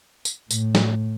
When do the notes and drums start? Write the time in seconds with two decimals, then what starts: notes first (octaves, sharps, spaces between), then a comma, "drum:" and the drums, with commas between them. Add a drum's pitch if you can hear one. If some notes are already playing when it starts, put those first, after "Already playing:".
0.25 drum: tambourine
0.51 A2, drum: tambourine
0.75 drum: snare